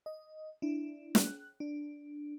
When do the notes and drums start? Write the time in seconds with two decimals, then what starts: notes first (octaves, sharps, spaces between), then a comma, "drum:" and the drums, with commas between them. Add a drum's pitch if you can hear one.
0.06 D#5
0.62 D4 E4
1.15 F#6, drum: snare
1.60 D4